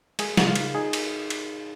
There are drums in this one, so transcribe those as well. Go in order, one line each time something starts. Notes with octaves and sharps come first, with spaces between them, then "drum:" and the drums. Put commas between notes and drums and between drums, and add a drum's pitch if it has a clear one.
G#3 G#4, drum: cymbal
C#3, drum: snare
F4
D#4, drum: cymbal
D#4 G#4
drum: cymbal
drum: cymbal